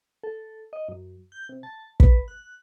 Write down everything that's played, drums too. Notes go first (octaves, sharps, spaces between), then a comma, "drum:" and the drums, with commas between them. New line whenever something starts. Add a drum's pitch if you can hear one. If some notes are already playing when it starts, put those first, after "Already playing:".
A4
D#5
F#2
G6
C3
A5
B4, drum: kick
F#6